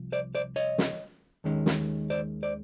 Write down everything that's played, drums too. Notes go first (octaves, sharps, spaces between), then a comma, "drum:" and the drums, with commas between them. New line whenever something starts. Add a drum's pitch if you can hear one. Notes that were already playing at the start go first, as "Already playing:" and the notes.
Already playing: C2 F3
C5 D5
C5 D5
C#5 D#5
drum: snare
D#2 D#3 G#3 C#4
drum: snare
C5 D5
C5 D5